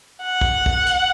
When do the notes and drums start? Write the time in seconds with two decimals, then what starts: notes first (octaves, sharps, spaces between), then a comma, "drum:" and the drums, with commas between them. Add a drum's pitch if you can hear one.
0.23 F#5
0.41 drum: kick
0.66 drum: kick
0.87 drum: hi-hat